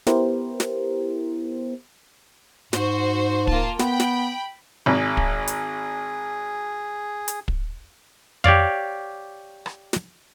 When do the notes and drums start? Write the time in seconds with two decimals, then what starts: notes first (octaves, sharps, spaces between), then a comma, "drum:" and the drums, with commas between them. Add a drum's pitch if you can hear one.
0.07 B3 E4 G4 A#4 C5, drum: snare
0.60 drum: snare
2.73 G#2 F#4 C5, drum: snare
3.47 A#3 F4 A5, drum: kick
3.79 B3 G5 B5, drum: snare
4.00 drum: snare
4.86 G#1 G#4
5.17 drum: kick
5.47 drum: hi-hat
7.28 drum: hi-hat
7.48 drum: kick
8.44 G4 C#5 D5 F5, drum: tom F2
9.66 drum: rim click
9.93 drum: snare